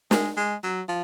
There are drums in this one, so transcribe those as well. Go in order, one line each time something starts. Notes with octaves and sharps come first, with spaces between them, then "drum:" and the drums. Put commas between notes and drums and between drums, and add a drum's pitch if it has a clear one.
G#3, drum: snare
G#3
F#3
F3